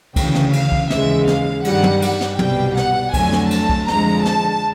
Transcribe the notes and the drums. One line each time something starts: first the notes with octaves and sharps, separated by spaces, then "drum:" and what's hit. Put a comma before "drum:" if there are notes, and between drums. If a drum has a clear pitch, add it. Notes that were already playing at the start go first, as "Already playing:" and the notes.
D2 C#3 E3 G5, drum: kick, cymbal
drum: snare
F5, drum: cymbal
drum: kick
D#2 C#3 E3 G#3 E5, drum: snare
F5, drum: snare
G2 D#3 G3 F#5, drum: cymbal
drum: tom
F#5, drum: cymbal
drum: snare
C2 B2 G3 G5, drum: tom
F#5, drum: snare
F2 D3 F#3 A3 G#5, drum: kick, cymbal
drum: snare
A5, drum: cymbal
drum: kick
F2 D3 F3 G#3 A#5, drum: snare
A5, drum: snare